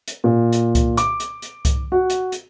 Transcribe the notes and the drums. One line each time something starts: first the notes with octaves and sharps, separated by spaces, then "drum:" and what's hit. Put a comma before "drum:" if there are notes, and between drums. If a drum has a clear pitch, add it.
drum: hi-hat
A#2
drum: hi-hat
drum: kick C2, hi-hat
D6, drum: hi-hat
drum: hi-hat
drum: hi-hat
drum: kick C2, hi-hat
F#4
drum: hi-hat
drum: hi-hat